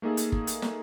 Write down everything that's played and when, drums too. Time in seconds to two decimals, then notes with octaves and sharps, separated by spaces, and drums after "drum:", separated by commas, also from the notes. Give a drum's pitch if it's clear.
0.02 A3 A#3 D#4 G#4 A4
0.17 drum: hi-hat
0.32 drum: kick G1
0.47 drum: hi-hat
0.62 drum: snare